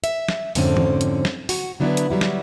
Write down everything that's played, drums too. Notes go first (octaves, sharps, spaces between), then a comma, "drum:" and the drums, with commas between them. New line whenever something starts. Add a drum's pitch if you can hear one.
E5, drum: hi-hat
drum: snare
F2 G#2 D3 C4 C#4, drum: open hi-hat
drum: tom
drum: hi-hat
drum: snare
F#4, drum: open hi-hat
D3 F#3 B3 D4 E4
drum: hi-hat
F#3 G3 E4
drum: snare